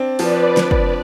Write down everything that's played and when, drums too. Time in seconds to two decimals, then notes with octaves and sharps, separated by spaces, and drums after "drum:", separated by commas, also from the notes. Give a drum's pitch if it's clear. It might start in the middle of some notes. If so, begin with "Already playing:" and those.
Already playing: C4 D4
0.19 F3 B4 D5, drum: open hi-hat
0.57 drum: snare
0.71 drum: kick